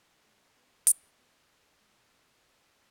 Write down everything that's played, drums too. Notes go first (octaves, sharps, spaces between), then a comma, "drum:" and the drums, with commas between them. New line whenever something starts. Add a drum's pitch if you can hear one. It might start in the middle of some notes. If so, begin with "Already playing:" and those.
C#2 A3 A4
C#2 B3 B4
E3 C#4 C#5, drum: hi-hat
E3 B3 B4
E3
C#2
C#3
C#3